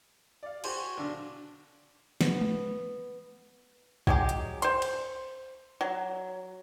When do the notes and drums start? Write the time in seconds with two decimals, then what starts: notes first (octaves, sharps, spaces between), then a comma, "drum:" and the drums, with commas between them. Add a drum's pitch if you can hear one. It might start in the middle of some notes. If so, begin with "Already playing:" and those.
0.43 D5 F5
0.64 F#4 G4 C5 G#5, drum: cymbal
0.97 B1 D3 D4
2.21 B3, drum: snare
2.41 drum: tom G#3
4.07 F#3 G#3 G4, drum: kick
4.29 drum: hi-hat
4.62 C5 C6, drum: hi-hat
4.82 drum: cymbal
5.81 F#3